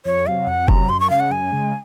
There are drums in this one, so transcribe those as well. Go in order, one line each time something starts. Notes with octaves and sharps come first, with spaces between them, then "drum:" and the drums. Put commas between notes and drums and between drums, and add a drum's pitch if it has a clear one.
F2 C#5
C3 F#3 F5
F2 F#5
C3 F#3 A#5, drum: kick F#1
F#2 C6
C#6
C#3 G#3 F5
F#5
F#2 G#5
C#3 G#3